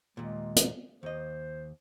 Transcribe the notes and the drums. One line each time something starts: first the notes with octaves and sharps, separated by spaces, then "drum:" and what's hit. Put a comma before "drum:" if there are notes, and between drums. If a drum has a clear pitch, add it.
D#2 A#2 G#3
drum: hi-hat
D#2 C5 D#5